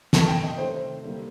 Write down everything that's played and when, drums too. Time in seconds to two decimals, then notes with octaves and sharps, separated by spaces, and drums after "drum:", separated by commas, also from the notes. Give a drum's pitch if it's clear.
0.13 D3 A3 A5, drum: snare
0.28 G5
0.44 D#5
0.58 C3 D#3 A3 C5
1.04 D3 G3 A#3